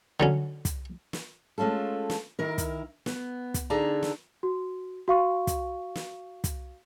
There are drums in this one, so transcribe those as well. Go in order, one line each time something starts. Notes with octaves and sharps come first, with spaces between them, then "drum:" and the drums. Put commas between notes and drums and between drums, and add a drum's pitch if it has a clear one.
D3 F#3 C#4
drum: kick, hi-hat
drum: snare
G#3 A3 C#4 F4 A4
drum: snare
D#3 E4 A#4
drum: kick, hi-hat
B3, drum: snare
drum: kick, hi-hat
D3 D#4 G#4 A4 D5 A#5
drum: snare
F#4
F#4 F5 C#6
drum: kick, hi-hat
drum: snare
drum: kick, hi-hat